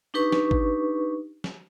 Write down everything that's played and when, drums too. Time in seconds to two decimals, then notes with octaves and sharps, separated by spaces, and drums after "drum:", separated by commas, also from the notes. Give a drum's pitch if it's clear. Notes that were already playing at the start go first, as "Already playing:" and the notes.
0.14 D4 D#4 G4 B4 C#6
0.32 drum: snare
0.51 drum: kick
1.44 drum: snare